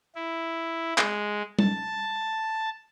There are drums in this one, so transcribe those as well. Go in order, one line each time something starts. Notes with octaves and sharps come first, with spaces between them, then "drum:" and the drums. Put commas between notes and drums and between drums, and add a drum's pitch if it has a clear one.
E4
G#3, drum: clap
A5, drum: tom G3